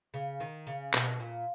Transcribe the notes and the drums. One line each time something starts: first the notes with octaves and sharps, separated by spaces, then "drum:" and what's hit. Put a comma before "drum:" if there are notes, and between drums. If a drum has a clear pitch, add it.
C#3
D#3
C#3
B2, drum: clap
A#2